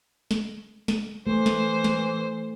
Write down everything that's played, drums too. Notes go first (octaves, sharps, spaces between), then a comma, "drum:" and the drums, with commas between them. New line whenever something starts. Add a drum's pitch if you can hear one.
drum: snare
drum: snare
E3 A3 C5
drum: snare
drum: snare